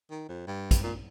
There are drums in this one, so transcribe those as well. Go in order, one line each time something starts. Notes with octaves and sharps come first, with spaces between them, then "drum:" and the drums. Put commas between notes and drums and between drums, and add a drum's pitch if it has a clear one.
D#3
F2
G2
drum: kick, hi-hat
A#2